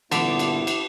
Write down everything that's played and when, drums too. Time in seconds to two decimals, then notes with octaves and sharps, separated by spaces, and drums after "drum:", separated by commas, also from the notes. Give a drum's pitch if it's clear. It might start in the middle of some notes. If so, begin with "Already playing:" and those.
0.12 G2 A#2 D3 B3 E4 A5 B5 D6, drum: cymbal
0.39 drum: cymbal
0.67 drum: cymbal